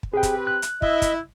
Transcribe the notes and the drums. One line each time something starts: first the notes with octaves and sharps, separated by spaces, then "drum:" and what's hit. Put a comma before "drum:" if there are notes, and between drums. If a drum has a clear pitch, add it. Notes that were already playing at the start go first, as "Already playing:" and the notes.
drum: kick
C4 G4 G#4 B4 G5
drum: kick, hi-hat
F#6
drum: hi-hat
E4 D#5 E5, drum: kick
drum: kick, hi-hat